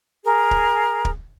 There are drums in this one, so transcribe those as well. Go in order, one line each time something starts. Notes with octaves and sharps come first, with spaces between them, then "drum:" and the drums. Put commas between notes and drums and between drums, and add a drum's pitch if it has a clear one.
G#4 A#4
drum: kick
drum: kick